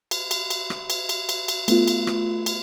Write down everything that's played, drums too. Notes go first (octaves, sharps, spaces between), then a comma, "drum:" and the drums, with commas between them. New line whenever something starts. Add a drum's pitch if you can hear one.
drum: cymbal
drum: cymbal
drum: cymbal
drum: rim click
drum: cymbal
drum: cymbal
drum: cymbal
drum: cymbal
A3 B3 F4, drum: cymbal
drum: cymbal
drum: rim click
drum: cymbal